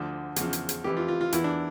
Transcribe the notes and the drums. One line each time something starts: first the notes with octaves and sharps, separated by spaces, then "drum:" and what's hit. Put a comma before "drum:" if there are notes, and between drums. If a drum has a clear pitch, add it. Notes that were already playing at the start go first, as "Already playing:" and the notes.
Already playing: D2 D3 F3
E2 C#3 F3, drum: hi-hat
drum: hi-hat
drum: hi-hat
F2 E3 G4
F4
F4
F4
E2 E3 E4, drum: hi-hat
D4